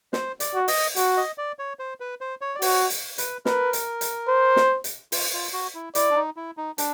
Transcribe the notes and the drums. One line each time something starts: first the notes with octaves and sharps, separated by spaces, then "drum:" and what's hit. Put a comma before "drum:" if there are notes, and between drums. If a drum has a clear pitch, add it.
C5, drum: snare
D5, drum: hi-hat
F#4
D#5, drum: open hi-hat
F#4, drum: hi-hat
D#5
D5
C#5
C5
B4
C5
C#5
D5
F#4 C#5, drum: open hi-hat
drum: hi-hat
B4, drum: hi-hat
A#4 B4, drum: snare
drum: hi-hat
drum: hi-hat
C5
drum: snare
drum: hi-hat
F4, drum: open hi-hat
F4
F#4
E4
E4 D5, drum: hi-hat
D4
D#4
E4
D#4
D4, drum: hi-hat